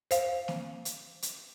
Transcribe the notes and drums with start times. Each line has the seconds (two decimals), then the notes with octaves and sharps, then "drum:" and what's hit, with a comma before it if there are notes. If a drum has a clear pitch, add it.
0.11 C5 F5, drum: hi-hat
0.48 drum: snare A#3
0.85 drum: hi-hat
1.22 drum: hi-hat